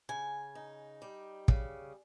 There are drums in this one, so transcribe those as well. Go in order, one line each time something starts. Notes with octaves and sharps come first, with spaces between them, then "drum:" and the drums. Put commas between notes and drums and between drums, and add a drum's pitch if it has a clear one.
C#3 G#5
D#4
G3
C#3, drum: kick